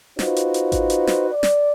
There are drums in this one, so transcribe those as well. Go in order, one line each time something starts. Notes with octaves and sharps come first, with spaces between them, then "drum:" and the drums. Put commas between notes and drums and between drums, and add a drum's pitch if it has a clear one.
D#4 F4 F#4 B4 C5, drum: snare
drum: hi-hat
drum: hi-hat
drum: kick G#1, hi-hat
drum: hi-hat
drum: snare
D5
drum: snare